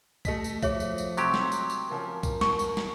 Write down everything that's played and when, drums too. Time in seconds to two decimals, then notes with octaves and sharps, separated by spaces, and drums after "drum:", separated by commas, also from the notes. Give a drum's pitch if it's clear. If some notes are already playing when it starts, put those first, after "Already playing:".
0.25 A3 D#5 B6, drum: kick B1, tambourine
0.44 drum: tambourine
0.62 F3 G#4 C#5 E5, drum: kick B1, tambourine
0.80 drum: tambourine
0.98 drum: tambourine
1.17 C3 F#3 G4, drum: tambourine
1.34 drum: snare
1.52 drum: tambourine
1.70 drum: tambourine
1.91 F3 C#4 A#4
2.23 drum: kick B1, tambourine
2.41 B2 C#6 C#7, drum: snare
2.59 drum: tambourine
2.77 drum: snare